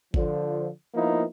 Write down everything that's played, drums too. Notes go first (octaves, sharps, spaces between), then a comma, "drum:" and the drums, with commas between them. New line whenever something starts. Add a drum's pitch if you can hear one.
D3 F3, drum: kick
F3 A#3 B3 D#4 E4